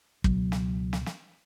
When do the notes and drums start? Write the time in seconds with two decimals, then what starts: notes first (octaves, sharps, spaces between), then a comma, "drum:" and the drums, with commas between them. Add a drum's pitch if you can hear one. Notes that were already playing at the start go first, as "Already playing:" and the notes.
0.24 C#2 B2 F#3, drum: kick
0.52 drum: snare
0.93 drum: snare
1.06 drum: snare